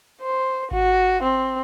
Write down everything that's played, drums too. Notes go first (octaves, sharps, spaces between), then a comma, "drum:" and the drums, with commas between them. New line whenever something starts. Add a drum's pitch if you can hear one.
C5
F#4, drum: kick G#1
C4